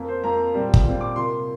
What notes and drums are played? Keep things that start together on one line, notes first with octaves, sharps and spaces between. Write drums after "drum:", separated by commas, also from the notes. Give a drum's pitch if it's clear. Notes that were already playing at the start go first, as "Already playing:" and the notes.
Already playing: F2 F3 A#3
C5
F2 F3 A#3 A#5
A#2 G3 C4
drum: kick
A#2 G3 C4
D6
C3 A#3 C6